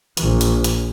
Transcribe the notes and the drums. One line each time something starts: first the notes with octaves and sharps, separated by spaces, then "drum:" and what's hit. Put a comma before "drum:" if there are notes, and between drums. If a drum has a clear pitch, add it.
A#1, drum: hi-hat
drum: hi-hat
drum: hi-hat